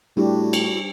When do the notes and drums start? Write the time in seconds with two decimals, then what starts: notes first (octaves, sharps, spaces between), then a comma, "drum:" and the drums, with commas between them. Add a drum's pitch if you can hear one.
0.17 A2 G3 D4 E4 F#4 G4
0.53 drum: cymbal